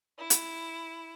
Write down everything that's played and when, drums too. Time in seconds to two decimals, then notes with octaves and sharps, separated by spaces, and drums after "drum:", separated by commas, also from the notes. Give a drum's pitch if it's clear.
0.19 E4
0.30 drum: hi-hat